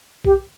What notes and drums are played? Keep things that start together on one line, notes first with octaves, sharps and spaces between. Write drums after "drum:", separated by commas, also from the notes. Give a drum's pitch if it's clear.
G4, drum: kick B1